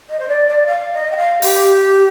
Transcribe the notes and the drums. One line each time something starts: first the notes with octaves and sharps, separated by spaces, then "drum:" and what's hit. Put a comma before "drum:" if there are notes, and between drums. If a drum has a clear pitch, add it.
D#5
C5
D5
D5
F5
D#5
G5
F5
G4, drum: open hi-hat